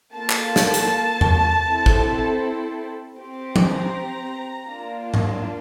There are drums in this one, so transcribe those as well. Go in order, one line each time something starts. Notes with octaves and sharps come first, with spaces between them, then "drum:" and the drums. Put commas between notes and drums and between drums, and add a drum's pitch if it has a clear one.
A#3 F4 A4 A5
drum: clap
drum: snare
drum: hi-hat
drum: tom E2
C4 E4 A4
drum: kick G#1
C4 G4
A#5, drum: tom F3
A#3 D4 F4
drum: tom G#2